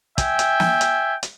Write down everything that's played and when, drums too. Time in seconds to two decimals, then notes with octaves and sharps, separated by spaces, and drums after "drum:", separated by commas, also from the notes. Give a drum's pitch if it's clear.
0.18 E5 G5 G#5, drum: kick, hi-hat
0.39 drum: hi-hat
0.60 drum: snare
0.81 drum: hi-hat
1.23 drum: hi-hat